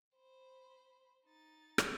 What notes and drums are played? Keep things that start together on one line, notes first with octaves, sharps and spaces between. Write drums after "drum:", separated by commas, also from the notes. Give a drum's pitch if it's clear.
C5 B5
D#4 A6
drum: rim click